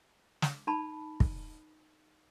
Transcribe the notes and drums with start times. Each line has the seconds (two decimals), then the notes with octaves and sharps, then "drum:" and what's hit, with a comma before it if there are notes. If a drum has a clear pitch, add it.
0.42 drum: snare
0.67 D#4 A5 B5
1.20 drum: kick